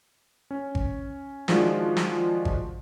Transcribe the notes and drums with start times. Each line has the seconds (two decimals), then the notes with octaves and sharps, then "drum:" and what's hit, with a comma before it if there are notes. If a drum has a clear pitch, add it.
0.51 C#4
0.75 drum: kick G#1
1.48 D#3 F3 G#3 D4 F4 F#4, drum: snare
1.97 drum: snare
2.45 drum: kick G#1